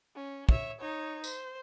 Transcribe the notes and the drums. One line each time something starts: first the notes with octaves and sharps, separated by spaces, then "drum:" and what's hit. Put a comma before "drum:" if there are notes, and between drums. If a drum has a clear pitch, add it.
C#4
C#5 E5, drum: kick
D#4 C#5
C5, drum: tambourine